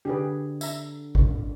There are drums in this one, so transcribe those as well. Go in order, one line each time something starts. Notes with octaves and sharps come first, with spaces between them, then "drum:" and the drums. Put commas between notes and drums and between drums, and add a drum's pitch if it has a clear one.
D3 G4 G#4 B4
E5 A#5, drum: tambourine
drum: kick G#1